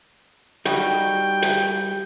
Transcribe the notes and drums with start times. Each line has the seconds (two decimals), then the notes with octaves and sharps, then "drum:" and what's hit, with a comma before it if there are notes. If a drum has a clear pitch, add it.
0.65 G3 D#4 F#4 G5, drum: hi-hat
1.42 drum: hi-hat